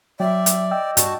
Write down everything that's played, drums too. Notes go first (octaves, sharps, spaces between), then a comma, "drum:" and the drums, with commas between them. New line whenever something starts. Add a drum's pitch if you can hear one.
F#3 D5 E5 G5
drum: hi-hat
D#5 G5 E6
G2 F#4 D5 A5, drum: hi-hat